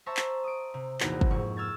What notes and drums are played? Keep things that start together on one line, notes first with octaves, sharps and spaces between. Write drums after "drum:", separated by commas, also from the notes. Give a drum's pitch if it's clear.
C5 E5 A5 A#5 C#6 E6
drum: clap
D#6 D7
C3
A#1 E2 C3 A#3 D#4 F#4, drum: clap
drum: kick
F2 G#2 C#6
E6 F6 G#6 A6